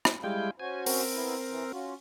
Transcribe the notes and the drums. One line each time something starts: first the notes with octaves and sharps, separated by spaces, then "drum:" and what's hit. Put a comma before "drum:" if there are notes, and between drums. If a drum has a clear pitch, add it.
drum: rim click
G3 G#3 E4 F5 G5 G#5
C#4 F#4 C5 G#5
C4 A#4, drum: open hi-hat
B3 E4
E3
C#4 F4 F#4